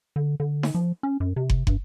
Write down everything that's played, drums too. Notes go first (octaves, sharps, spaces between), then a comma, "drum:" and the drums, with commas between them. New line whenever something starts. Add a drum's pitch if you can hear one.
D3
D3
drum: snare D#4
F3
C#4
F#2
C3
drum: kick
G2, drum: kick